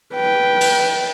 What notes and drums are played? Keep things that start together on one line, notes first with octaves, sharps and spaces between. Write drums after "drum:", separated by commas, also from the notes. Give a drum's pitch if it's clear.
B4 G5
drum: open hi-hat